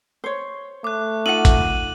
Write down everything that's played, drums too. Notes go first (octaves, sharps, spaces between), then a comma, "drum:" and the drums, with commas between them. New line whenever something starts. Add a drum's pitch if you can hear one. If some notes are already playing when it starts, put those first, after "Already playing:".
C5 C#5
A3 D6 F#6
D#4 F4 F#5 D#7 F#7
drum: kick G#1, hi-hat